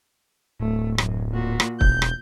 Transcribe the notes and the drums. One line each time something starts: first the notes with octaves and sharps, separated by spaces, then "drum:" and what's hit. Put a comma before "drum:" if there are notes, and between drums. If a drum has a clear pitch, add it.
D1 A3
F#2, drum: rim click
A#2 F#4
drum: rim click
E1 G6, drum: kick
drum: rim click